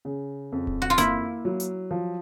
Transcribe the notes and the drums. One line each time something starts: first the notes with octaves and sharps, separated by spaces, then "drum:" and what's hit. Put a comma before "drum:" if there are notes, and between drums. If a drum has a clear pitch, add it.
C#3
F2
drum: kick D1
F#4
F4
A#3 E4, drum: hi-hat
F#3
drum: hi-hat
F3